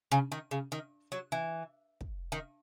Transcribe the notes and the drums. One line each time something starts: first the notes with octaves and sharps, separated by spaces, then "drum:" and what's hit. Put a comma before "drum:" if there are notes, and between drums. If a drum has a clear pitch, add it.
C#3
D#3
C#3
D#3
F#3
E3
drum: kick
D#3